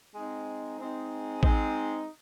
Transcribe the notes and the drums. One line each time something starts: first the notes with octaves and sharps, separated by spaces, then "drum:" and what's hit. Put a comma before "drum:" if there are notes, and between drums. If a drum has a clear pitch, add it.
G#3 C4 D#4
G#3 C4 D#4
G#3 C4 D#4, drum: kick A1